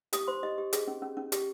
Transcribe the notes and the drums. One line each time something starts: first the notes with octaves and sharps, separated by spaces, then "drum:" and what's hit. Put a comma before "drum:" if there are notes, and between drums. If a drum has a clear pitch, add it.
G4 D#6, drum: hi-hat
C5 C6
G4 D#5
G4
G#4, drum: hi-hat
C#4
C#4
C#4
G4, drum: hi-hat